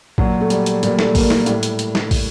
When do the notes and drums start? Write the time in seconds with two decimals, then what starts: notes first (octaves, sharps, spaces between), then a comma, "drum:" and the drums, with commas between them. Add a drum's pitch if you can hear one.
0.18 A#2 F#3, drum: kick
0.41 A3
0.50 G3, drum: hi-hat
0.66 drum: hi-hat
0.83 A#2 G3, drum: hi-hat
0.99 A3, drum: snare
1.15 A#3, drum: kick, open hi-hat
1.30 A3, drum: snare
1.46 A2 G3, drum: hi-hat
1.63 drum: hi-hat
1.79 drum: hi-hat
1.95 drum: snare
2.11 drum: kick, open hi-hat